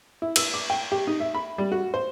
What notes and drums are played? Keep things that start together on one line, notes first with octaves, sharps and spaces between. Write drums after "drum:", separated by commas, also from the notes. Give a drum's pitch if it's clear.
E4
E6, drum: cymbal
D6
G5
G4
D#4
E5
B5
G3
F#4
C5